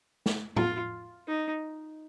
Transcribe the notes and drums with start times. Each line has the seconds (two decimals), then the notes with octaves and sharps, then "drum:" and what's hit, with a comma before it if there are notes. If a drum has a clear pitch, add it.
0.26 drum: snare
0.56 F4, drum: tom
1.28 D#4